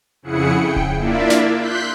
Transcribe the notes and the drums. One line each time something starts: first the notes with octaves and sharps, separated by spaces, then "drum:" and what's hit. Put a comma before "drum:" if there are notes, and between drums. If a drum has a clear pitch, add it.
F2 C#3 E4 G#4 F#5 C#7
G5
drum: kick D1
A#3 D4 E4 F4 D5 E5
drum: snare
C6 F#6 G6 B6